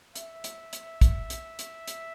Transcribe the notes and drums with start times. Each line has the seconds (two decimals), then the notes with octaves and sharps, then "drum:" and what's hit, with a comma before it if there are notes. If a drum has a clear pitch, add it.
0.15 E5, drum: hi-hat
0.44 drum: hi-hat
0.73 drum: hi-hat
1.01 drum: kick, hi-hat
1.30 drum: hi-hat
1.59 drum: hi-hat
1.88 drum: hi-hat